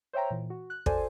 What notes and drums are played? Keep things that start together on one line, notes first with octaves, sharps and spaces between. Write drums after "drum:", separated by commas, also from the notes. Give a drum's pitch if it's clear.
C5 C#5 E5 G5 A#5
A#2 E3
F#4
F#6
F#4 A4 C5 D5 G#5, drum: kick